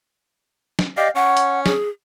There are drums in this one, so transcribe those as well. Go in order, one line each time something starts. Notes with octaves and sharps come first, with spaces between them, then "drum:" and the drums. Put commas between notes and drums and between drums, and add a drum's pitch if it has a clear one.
drum: snare
G4 D5 D#5 F5
C#4 C#5 F#5
drum: hi-hat
G#4, drum: snare